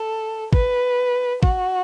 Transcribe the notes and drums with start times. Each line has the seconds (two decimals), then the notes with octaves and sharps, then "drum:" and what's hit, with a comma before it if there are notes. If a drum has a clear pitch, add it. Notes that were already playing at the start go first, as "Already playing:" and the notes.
Already playing: A4
0.53 B4, drum: kick
1.43 F#4, drum: kick